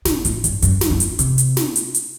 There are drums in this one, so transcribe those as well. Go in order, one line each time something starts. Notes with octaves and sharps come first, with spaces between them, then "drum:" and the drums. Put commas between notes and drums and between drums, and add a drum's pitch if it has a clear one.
B2, drum: snare
A2, drum: hi-hat
G2, drum: hi-hat
F#2, drum: hi-hat
drum: snare
F#2
drum: hi-hat
C3, drum: hi-hat
drum: hi-hat
drum: snare
drum: hi-hat
drum: hi-hat